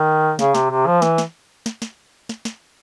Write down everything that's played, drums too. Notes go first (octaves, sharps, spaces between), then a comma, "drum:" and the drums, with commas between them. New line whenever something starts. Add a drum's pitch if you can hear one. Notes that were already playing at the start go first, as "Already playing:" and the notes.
Already playing: D#3
C#3, drum: snare
C3, drum: snare
C3
F3
E3, drum: snare
drum: snare
drum: snare
drum: snare
drum: snare
drum: snare